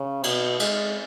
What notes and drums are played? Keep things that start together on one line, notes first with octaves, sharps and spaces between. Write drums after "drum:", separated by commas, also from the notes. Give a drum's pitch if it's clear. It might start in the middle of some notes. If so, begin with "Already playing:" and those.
Already playing: C#3
B2, drum: cymbal
G#3, drum: cymbal